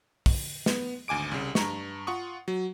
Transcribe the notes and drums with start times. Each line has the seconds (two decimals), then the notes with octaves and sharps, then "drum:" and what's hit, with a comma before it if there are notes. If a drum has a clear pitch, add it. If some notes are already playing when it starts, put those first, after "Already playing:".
0.26 drum: kick, open hi-hat
0.66 B3, drum: snare
1.08 G#1 D2 G#5 D6 D7
1.31 C2 C#3
1.55 G2 A#5 C#6, drum: snare
2.07 F4 F#5 C#6 D#6
2.48 F#3